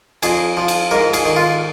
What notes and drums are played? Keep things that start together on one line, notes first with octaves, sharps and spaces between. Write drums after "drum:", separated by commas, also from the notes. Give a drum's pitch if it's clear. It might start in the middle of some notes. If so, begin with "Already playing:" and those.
F2 G#4, drum: cymbal
F3
drum: cymbal
G#2 A#4
G#4, drum: cymbal
D#3
F4